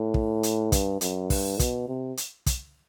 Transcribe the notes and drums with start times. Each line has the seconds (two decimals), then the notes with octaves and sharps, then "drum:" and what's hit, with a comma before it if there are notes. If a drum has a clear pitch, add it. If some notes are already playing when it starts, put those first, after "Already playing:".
Already playing: A2
0.14 drum: kick
0.43 drum: hi-hat
0.72 G2, drum: kick, hi-hat
1.01 F#2, drum: hi-hat
1.30 G2, drum: kick, open hi-hat
1.59 B2, drum: kick, hi-hat
1.88 C3
2.17 drum: hi-hat
2.46 drum: kick, hi-hat